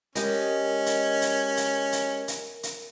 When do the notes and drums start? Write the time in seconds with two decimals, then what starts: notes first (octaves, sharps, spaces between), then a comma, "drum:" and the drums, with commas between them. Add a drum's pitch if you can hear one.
0.15 G#3 C#4 G4 A#4 D#5, drum: hi-hat
0.86 drum: hi-hat
1.22 drum: hi-hat
1.57 drum: hi-hat
1.92 drum: hi-hat
2.28 drum: hi-hat
2.63 drum: hi-hat